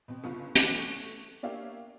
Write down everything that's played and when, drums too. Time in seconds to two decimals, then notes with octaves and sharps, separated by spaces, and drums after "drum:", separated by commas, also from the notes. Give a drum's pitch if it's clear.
0.08 B2 C4
0.24 G1 C#3 F4
0.55 E3 D6 F#6, drum: hi-hat
0.75 A3 C#6
1.43 A#3 D4 G4 C#5 E5 F5